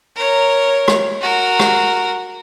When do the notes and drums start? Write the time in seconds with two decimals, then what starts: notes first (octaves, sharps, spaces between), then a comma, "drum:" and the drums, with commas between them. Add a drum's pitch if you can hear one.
0.16 A#4 C#5
0.88 drum: rim click
1.21 F#4 A#4
1.60 drum: rim click